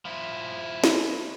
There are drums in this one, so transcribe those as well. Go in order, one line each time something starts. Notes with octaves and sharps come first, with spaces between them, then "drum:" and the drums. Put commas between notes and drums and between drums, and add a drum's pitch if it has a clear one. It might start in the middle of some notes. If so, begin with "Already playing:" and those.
F3 E4
drum: snare